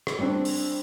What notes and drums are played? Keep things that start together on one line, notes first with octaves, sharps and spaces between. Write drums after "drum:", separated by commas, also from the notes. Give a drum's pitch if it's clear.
drum: rim click
G3 C4 D4
drum: open hi-hat